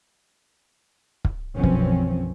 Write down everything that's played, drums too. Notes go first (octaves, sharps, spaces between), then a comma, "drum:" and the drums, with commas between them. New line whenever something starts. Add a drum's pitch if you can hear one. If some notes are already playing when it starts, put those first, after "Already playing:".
drum: kick
B1 F#2 E3 F3 C4 C#4
drum: kick